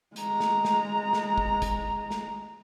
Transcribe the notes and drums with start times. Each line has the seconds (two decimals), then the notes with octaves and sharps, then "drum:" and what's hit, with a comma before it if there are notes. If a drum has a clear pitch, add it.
0.16 G#3 A#5, drum: hi-hat
0.40 drum: snare
0.65 drum: snare
1.13 drum: snare
1.38 drum: kick
1.62 drum: kick, hi-hat
2.11 drum: snare